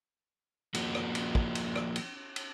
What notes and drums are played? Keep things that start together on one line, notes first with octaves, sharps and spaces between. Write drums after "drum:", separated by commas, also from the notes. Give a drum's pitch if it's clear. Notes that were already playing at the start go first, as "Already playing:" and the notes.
F3 A#3 F#4, drum: cymbal
drum: rim click
drum: cymbal
drum: kick
drum: cymbal
drum: rim click
drum: cymbal
drum: cymbal